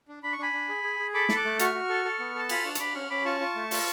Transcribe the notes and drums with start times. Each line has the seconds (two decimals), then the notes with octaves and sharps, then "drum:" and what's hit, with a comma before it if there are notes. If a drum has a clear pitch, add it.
0.08 D4
0.23 D4 B5
0.32 C#6
0.39 D4 G#5 B5
0.53 D4
0.69 G#4
0.84 G#4
0.99 G#4
1.14 A4 B5 D6
1.29 A4, drum: snare
1.36 D6 F#6
1.44 A3
1.59 F#4 C#6 F6, drum: hi-hat
1.74 F#4
1.89 A4
2.05 A4
2.19 B3
2.35 A4 A5
2.49 F4 G#5 B5, drum: cymbal
2.64 D4 A5 C#6
2.75 C#6, drum: hi-hat
2.80 D4 B5 D6
2.95 C#4 C#6 F6
3.10 C#4 B5 D6
3.25 F4 A5 C#6
3.40 F4
3.55 A3
3.71 F4, drum: open hi-hat